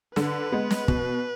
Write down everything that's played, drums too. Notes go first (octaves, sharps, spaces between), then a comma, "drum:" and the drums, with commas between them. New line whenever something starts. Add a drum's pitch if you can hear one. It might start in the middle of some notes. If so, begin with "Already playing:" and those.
D3 B4, drum: snare
G#3 B3
drum: snare
B2, drum: kick